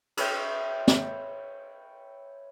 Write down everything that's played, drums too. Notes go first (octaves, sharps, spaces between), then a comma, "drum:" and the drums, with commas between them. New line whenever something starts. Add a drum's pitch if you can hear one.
B4 C#5 E5 G5, drum: cymbal
drum: snare